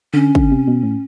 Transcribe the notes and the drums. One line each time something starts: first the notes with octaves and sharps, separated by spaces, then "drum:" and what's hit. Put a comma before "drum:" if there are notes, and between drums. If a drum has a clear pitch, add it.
D3 C#4
D3, drum: kick
C3
B2
A2